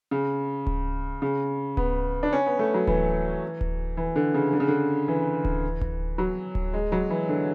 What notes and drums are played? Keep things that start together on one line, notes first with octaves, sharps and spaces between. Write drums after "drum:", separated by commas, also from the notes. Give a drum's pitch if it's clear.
C#3
drum: kick D1
C#3
B3, drum: kick D1
D4
C#4
B3
A3
F#3
E3, drum: kick D1
drum: kick D1
E3
D3
C#3
D3
C#3
D3
E3
drum: kick D1
drum: kick D1
F#3
drum: kick D1
G#3
F#3
E3
D3